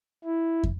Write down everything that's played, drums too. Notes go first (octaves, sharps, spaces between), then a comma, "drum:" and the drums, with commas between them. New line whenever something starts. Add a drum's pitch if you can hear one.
E4
drum: kick